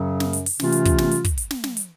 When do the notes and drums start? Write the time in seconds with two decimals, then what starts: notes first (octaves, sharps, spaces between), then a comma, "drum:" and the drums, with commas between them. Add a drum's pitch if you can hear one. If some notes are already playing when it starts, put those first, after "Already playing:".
Already playing: F#2 C#3 F#3
0.20 drum: snare
0.33 drum: hi-hat
0.46 drum: open hi-hat
0.60 C3 E3 A3 C#4 F4, drum: snare
0.72 drum: hi-hat
0.85 drum: kick, hi-hat
0.98 drum: snare
1.11 drum: hi-hat
1.24 drum: kick, hi-hat
1.38 drum: hi-hat
1.51 drum: snare
1.64 drum: snare
1.77 drum: hi-hat